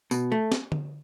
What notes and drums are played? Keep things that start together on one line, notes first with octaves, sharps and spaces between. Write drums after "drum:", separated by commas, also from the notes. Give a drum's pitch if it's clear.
B2, drum: tambourine
A3
drum: snare
drum: tom D3